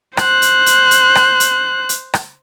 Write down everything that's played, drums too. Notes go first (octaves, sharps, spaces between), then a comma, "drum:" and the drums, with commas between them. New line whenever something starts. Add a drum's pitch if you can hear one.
C5 F#6, drum: rim click
drum: hi-hat
drum: hi-hat
drum: hi-hat
drum: rim click
drum: hi-hat
drum: hi-hat
drum: rim click